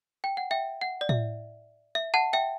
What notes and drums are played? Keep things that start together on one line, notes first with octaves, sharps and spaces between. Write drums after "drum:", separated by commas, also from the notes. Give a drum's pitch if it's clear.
G5
F#5
E5 G5
F#5
D5
E5, drum: tom A2
E5
F#5 A5
E5 G5